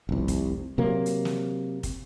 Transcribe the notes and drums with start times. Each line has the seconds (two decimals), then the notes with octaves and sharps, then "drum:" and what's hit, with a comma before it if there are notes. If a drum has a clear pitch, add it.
0.09 F1 C2
0.28 drum: kick, hi-hat
0.78 C3 F#3 A#3
1.06 drum: hi-hat
1.25 drum: snare
1.83 drum: kick, hi-hat